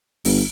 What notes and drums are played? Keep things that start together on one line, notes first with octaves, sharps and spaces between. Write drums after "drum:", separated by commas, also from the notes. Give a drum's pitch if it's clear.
G1, drum: open hi-hat